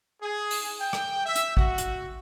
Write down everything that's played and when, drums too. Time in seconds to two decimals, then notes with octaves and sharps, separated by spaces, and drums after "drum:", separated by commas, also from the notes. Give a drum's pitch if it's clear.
0.22 G#4
0.51 drum: open hi-hat
0.79 G5
0.93 drum: rim click
1.26 E5
1.36 drum: hi-hat
1.57 F#4, drum: kick A1
1.78 drum: hi-hat